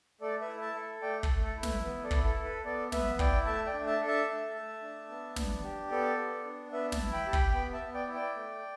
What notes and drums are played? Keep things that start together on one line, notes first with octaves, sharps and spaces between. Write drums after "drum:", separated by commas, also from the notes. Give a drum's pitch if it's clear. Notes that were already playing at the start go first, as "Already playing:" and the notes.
A3 A4 D5
B4 E5
E4
E5 A5
A4
A3 D5 G5
A4, drum: kick
A3
A4
E4
B4, drum: snare
B3 B4
A4 D5
E4, drum: kick
A4
A4
B4
B3 A4 D5
B3 B4 E5, drum: snare
E4 D5 G5, drum: kick
A3 E5 A5
D5 G5
D4
E5 A5
A4
E5 A5
A3
A3
D4
B3
D4, drum: snare
G4
B3 A4 D5
B3
D4
B3 B4 E5
E5 A5, drum: snare
E4
G5 B5
G4 A5
G5 B5, drum: kick
B3 G5 B5
E5 A5
B3
D5 G5
E4
D5 G5
A3